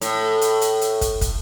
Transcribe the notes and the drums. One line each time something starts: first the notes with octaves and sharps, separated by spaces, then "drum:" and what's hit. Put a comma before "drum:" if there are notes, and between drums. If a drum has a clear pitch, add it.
A2, drum: hi-hat
drum: hi-hat
drum: hi-hat
drum: hi-hat
drum: kick, hi-hat
drum: kick, hi-hat